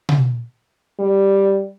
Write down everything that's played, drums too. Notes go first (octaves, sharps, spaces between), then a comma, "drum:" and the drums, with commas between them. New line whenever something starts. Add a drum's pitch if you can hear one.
drum: tom B2
G3